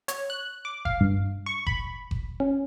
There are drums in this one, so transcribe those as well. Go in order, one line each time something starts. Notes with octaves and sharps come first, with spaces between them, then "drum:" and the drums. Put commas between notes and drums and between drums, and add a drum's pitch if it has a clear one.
C#5, drum: hi-hat
F#6
D6
F5, drum: kick F#1
G2
C#6
B5, drum: kick F#1
drum: kick F#1
C#4